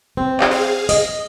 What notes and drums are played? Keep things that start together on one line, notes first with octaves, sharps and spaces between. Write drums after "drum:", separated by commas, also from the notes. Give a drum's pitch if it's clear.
C4
drum: clap
G#4 F5
D#5, drum: open hi-hat